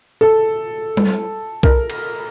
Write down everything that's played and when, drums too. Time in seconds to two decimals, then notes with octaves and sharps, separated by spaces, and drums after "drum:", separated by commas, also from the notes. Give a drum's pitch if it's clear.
0.21 A4
0.97 drum: tom G3
1.63 A#4, drum: kick
1.90 drum: cymbal